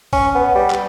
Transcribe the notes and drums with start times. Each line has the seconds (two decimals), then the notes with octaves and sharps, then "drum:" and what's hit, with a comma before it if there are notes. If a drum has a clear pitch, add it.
0.13 C#4, drum: kick A#1, open hi-hat
0.35 B3
0.55 G3
0.70 drum: clap